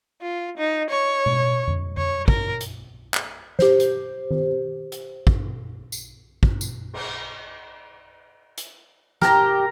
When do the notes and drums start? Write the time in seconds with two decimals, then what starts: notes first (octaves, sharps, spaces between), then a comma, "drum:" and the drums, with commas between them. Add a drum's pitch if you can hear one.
0.21 F4
0.57 D#4
0.90 C#5
1.26 drum: tom B2
1.68 drum: tom F2
1.97 C#5, drum: tom F2
2.28 A#4, drum: kick
2.61 drum: hi-hat
3.14 drum: clap
3.59 G4 C5, drum: snare
3.80 drum: hi-hat
4.31 drum: tom D#3
4.92 drum: hi-hat
5.27 drum: kick
5.92 drum: tambourine
6.43 drum: kick
6.61 drum: tambourine
6.93 drum: cymbal
8.58 drum: hi-hat
9.21 G4 A#4 A#5, drum: snare